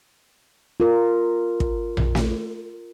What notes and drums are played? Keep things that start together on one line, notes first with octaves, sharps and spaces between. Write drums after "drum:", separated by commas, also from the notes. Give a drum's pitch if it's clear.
F4 A#4
drum: kick
drum: tom A#1
drum: snare